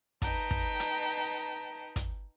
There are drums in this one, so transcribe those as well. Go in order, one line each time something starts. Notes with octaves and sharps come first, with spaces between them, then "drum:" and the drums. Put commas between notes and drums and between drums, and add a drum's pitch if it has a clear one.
D#4 B4 G5 A5 A#5, drum: kick, hi-hat
drum: kick
drum: hi-hat
drum: kick, hi-hat